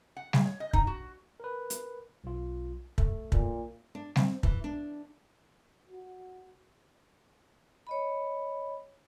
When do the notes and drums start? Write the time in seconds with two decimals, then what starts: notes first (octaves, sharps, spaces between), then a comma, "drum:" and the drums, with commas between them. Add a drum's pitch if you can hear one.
0.16 F#5
0.33 G#4, drum: snare G3
0.46 C#5
0.60 D#5
0.73 D#4, drum: kick
0.87 F#4
1.40 A#4 B4
1.70 drum: hi-hat
2.24 B1 F4
2.98 A3, drum: kick
3.32 A#2, drum: kick
3.95 D4
4.16 C4, drum: snare G3
4.43 E3, drum: kick
4.64 D4
5.90 F#4
7.87 C#5 D#5 B5